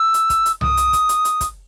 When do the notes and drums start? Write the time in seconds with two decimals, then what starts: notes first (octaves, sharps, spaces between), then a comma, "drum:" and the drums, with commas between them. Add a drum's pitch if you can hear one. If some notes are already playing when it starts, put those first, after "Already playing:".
Already playing: E6
0.14 drum: hi-hat
0.30 drum: kick, hi-hat
0.46 drum: hi-hat
0.61 D#6, drum: tom C2
0.77 drum: hi-hat
0.93 drum: kick, hi-hat
1.09 drum: hi-hat
1.25 drum: hi-hat
1.41 drum: kick, hi-hat